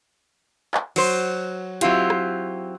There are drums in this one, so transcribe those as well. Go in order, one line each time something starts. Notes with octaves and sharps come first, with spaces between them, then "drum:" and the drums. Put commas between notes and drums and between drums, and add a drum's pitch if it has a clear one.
drum: clap
F#3 C5, drum: cymbal
F#3 C4 E4 F4 G4, drum: hi-hat
drum: rim click